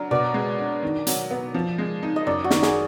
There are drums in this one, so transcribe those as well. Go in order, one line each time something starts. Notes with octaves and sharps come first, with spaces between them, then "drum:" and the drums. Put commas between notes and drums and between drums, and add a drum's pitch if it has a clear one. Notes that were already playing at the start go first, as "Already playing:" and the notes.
Already playing: F#3 D4 A#4
B2 D5
G#3
D4
D#3
F#3, drum: hi-hat
B3
F3
G#3
D#4
D#5
F#2 D5
F#4
D#3, drum: snare
G#4, drum: snare